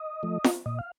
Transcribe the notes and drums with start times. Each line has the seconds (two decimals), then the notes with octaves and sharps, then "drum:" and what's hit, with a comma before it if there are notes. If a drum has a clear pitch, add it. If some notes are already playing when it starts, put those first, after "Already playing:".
Already playing: D#5
0.23 F3 A3
0.44 drum: snare
0.66 A#2 D#5
0.79 F5